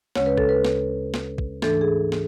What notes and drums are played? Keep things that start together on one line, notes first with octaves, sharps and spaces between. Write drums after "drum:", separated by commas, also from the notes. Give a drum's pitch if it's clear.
D2 C#3 G#3 C#4 C#5, drum: snare
B4
A4, drum: kick
B4
drum: snare
drum: snare
drum: kick
G#2 E3 A3 D4 A4, drum: snare
G#4
drum: snare